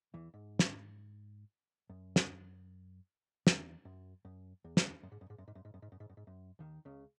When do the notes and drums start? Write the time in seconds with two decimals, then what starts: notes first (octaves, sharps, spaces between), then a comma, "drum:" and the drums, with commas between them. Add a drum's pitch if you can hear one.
0.14 E2 E3
0.34 G#2
0.59 drum: snare
1.90 F#2
2.16 drum: snare
3.47 E2, drum: snare
3.85 F#2
4.25 F#2
4.64 E2
4.77 drum: snare
5.03 F#2
5.12 G#2
5.21 F#2
5.30 G#2
5.38 F#2
5.48 G#2
5.55 F#2
5.65 G#2
5.74 F#2
5.82 G#2
5.92 F#2
6.00 G#2
6.09 F#2
6.17 G#2
6.27 F#2
6.59 D#2 D#3
6.85 C#2 C#3